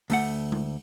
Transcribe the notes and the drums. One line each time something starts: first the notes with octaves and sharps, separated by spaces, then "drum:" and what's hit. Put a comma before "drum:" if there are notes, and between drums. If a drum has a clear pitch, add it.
D2 A3 F#5, drum: open hi-hat
drum: tom G#3